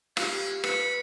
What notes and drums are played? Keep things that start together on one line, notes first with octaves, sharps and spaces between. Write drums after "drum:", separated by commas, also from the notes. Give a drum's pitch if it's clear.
C#4 F4 G4 F5, drum: rim click
B4 B5 C#7, drum: rim click